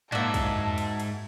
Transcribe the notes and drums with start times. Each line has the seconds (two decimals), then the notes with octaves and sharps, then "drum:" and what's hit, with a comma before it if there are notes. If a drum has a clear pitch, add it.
0.12 G#2 A#3 F#4 D5 E5 A5, drum: tom G#2
0.34 drum: kick B1, cymbal
0.56 drum: tom E2
0.78 drum: cymbal
1.00 drum: cymbal